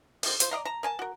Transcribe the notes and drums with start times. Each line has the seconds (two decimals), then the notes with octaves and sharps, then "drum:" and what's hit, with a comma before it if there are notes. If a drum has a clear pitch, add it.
0.23 D3 D#3 C4, drum: open hi-hat
0.40 F4 C5, drum: hi-hat
0.51 D5 D#5 F5 A#5
0.65 A5 A#5
0.83 A#4 G#5 A5
0.99 F#4 A#4